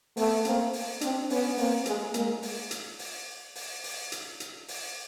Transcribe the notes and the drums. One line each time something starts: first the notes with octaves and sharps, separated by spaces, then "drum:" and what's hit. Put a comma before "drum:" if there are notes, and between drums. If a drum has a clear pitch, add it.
A3 B3, drum: open hi-hat
A#3 C4, drum: hi-hat
drum: open hi-hat
C4 D4, drum: hi-hat
B3 C#4, drum: open hi-hat
A#3 C4, drum: open hi-hat
G#3 A#3, drum: hi-hat
G#3 A#3, drum: hi-hat
drum: open hi-hat
drum: hi-hat
drum: open hi-hat
drum: open hi-hat
drum: open hi-hat
drum: hi-hat
drum: hi-hat
drum: open hi-hat